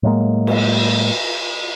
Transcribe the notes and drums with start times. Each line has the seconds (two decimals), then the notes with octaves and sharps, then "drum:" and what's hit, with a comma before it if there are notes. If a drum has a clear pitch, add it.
0.03 A2 F#3 G#3 A#3
0.47 drum: cymbal